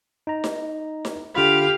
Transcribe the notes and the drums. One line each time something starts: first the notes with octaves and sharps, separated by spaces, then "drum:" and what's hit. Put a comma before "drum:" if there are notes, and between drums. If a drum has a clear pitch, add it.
D#4 A#5
drum: snare D#4
drum: snare D#4
D3 F4 G4 F5 B5